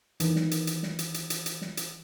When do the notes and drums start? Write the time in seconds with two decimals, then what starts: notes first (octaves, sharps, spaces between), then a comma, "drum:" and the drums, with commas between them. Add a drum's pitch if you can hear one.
0.20 D#3 E3, drum: hi-hat
0.36 drum: snare
0.51 drum: hi-hat
0.67 drum: hi-hat
0.83 drum: snare
0.99 drum: hi-hat
1.14 drum: hi-hat
1.30 drum: hi-hat
1.46 drum: hi-hat
1.62 drum: snare
1.77 drum: hi-hat